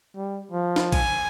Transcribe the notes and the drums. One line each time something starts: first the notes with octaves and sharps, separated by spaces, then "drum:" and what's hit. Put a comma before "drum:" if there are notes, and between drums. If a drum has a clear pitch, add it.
G3
F3
drum: snare
G#5, drum: kick A#1, cymbal